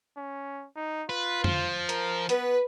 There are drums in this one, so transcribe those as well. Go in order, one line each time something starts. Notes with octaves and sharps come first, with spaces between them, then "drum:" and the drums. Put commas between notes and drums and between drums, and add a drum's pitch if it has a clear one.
C#4
D#4
F4 B4
F3, drum: tom
A#4, drum: hi-hat
B3 B4, drum: hi-hat